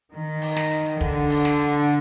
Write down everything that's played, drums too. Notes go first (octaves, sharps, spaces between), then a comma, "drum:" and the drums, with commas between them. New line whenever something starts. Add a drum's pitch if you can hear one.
D#3
drum: open hi-hat
drum: snare
drum: hi-hat
drum: hi-hat
D3, drum: kick, hi-hat
drum: open hi-hat
drum: snare
drum: hi-hat